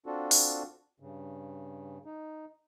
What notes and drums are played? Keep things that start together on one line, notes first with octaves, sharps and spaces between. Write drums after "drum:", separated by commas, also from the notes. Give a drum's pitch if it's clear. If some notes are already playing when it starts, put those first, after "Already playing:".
C4 D4 F4 F#4 A4
drum: open hi-hat
G2 C#3
D#4